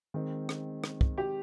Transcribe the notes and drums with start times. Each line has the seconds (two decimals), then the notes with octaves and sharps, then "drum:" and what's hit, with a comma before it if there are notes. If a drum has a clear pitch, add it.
0.14 D#3 G#3 C4
0.49 drum: rim click
0.84 drum: rim click
1.01 drum: kick
1.18 G4